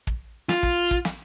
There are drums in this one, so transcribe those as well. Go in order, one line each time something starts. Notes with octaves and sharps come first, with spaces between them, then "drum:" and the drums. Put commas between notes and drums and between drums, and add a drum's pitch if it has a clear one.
drum: kick
F4, drum: snare
drum: kick
drum: kick
drum: snare